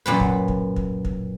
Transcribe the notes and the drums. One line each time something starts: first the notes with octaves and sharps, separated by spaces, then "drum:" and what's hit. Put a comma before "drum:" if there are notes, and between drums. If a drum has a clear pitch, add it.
F#2 A#2 B4
drum: kick
drum: kick
drum: kick
drum: kick